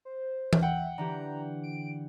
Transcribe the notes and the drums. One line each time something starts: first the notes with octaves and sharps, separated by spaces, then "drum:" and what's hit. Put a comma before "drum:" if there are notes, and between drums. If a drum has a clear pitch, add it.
C5
drum: tom E3
E5 F#5 G5
D3 E3 G4 A#5
D7